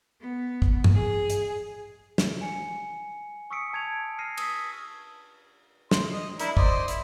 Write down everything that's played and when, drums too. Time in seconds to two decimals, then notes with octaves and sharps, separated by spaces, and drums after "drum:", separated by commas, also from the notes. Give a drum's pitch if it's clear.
0.22 B3
0.62 drum: kick
0.84 drum: tom G2
0.95 G#4
1.30 drum: hi-hat
2.18 drum: snare
2.41 G#5 C#7
3.51 C#6 D#6 E6 B6 C#7 D7
3.73 A5 G#6 D7 F7
4.19 F6 A#6 C7 C#7 D#7
4.37 D#6 E6 B6, drum: cymbal
5.91 C6, drum: snare
6.12 D#5
6.39 D4 E4 A#4, drum: hi-hat
6.57 C5 D5 D#5, drum: kick
6.88 E4, drum: hi-hat